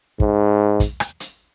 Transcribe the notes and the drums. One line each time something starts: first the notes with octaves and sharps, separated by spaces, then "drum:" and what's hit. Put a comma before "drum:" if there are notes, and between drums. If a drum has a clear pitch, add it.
G#2, drum: kick
drum: kick, hi-hat
drum: rim click
drum: hi-hat